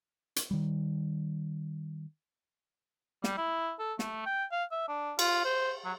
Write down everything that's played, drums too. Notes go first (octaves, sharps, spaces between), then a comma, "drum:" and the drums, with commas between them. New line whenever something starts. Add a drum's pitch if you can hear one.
drum: hi-hat
D#3 G3
G3, drum: snare
E4
A4
A3, drum: snare
G5
F5
E5
D4
F4, drum: cymbal
C5
F#3